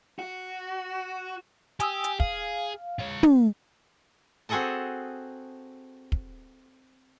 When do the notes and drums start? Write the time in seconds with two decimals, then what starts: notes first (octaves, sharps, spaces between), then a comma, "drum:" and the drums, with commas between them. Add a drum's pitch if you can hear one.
0.19 F#4
1.80 G4 G#5 D#6 E6, drum: hi-hat
2.04 drum: hi-hat
2.20 G#4 F5, drum: kick
2.99 F4 C#5
3.23 drum: tom
4.49 C4 F#4 G#4 A4 D#5 A5
6.12 drum: kick